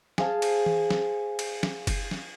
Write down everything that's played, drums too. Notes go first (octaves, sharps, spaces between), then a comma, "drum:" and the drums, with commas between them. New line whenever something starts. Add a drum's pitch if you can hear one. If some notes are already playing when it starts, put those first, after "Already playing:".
G#4 C5 F5 A5, drum: snare
drum: cymbal
drum: tom E3
drum: snare
drum: cymbal
drum: snare
drum: kick F#1, cymbal
drum: snare